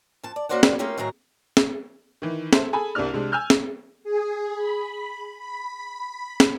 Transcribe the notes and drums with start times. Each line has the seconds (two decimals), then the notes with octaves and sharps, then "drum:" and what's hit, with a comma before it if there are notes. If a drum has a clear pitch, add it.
0.23 F2 A5
0.36 D5
0.49 A#3 C#4 F#4 C5 D5 F#5
0.63 F#2 D3 G3 A#3 B4 C5, drum: snare
0.79 A3 A#3 C#4 F4 G4 A#4
0.98 A2 D#3 F#3 G#4 A#5
1.57 drum: snare
2.22 D#3 E3
2.53 A4 C5 E5, drum: snare
2.73 G#4 A4 G#5 B5
2.95 C2 C3 A#3 D4 D5 F6
3.13 C3 G#3 D4
3.32 G#5 E6 F6 G6
3.50 drum: snare
4.04 G#4
4.55 B5
5.38 B5
6.40 drum: snare